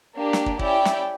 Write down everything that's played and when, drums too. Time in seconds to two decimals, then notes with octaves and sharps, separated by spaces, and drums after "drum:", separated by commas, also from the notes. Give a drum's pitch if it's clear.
0.15 A#3 D4 G4
0.33 drum: snare
0.46 drum: kick
0.59 C#4 E4 G4 D5 E5 G5, drum: kick
0.85 drum: snare